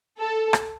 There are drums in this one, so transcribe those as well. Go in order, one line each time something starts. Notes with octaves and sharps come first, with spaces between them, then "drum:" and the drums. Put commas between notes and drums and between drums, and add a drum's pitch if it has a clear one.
A4
drum: rim click